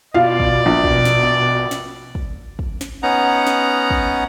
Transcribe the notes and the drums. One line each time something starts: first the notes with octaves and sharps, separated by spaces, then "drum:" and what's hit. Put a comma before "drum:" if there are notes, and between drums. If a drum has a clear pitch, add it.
B2 F4 D5 F5
drum: kick
A#1
drum: kick
drum: snare
drum: snare
drum: kick
drum: kick
drum: snare
B3 C#4 D#4 F#5 A#5
drum: snare
drum: kick